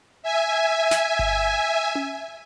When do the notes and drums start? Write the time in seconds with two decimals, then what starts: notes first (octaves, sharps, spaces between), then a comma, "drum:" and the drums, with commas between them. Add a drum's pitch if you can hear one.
0.23 E5 G#5
0.91 drum: snare
1.19 drum: kick G1
1.95 drum: tom C#4